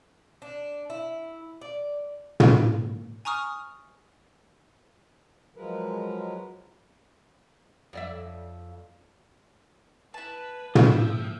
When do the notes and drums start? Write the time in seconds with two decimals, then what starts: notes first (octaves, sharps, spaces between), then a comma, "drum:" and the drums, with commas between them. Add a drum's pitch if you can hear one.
0.42 D4
0.90 E4
1.61 D5
2.40 drum: tom
3.25 G#5 A#5 C#6 D#6 F6
5.57 F3 F#3 G#3 A#4 B4
7.93 F2 D5 E5
10.14 E4 B4 A5
10.75 F3 E5 G5, drum: tom